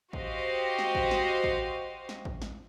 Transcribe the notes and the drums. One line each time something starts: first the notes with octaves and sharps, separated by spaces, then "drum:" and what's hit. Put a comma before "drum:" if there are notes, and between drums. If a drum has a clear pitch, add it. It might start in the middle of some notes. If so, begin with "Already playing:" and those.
F#4 G4 C5 D#5 F5, drum: kick A1
drum: snare
drum: kick A1
drum: snare
drum: kick A1
drum: snare
drum: kick A1
drum: snare